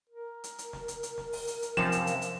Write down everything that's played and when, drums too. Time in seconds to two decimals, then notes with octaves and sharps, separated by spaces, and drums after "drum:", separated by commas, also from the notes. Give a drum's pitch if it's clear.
0.09 A#4
0.44 drum: hi-hat
0.58 drum: hi-hat
0.73 drum: snare
0.88 drum: hi-hat
1.03 drum: hi-hat
1.18 drum: snare
1.33 drum: open hi-hat
1.47 drum: hi-hat
1.62 drum: hi-hat
1.77 F#2 C3 F3 E7, drum: snare
1.92 drum: hi-hat
2.07 drum: hi-hat
2.22 drum: hi-hat